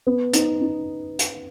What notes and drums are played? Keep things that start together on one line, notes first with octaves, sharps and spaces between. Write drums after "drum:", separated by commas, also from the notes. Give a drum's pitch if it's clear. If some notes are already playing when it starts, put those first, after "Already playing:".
B3
D#4, drum: hi-hat
D#4
drum: hi-hat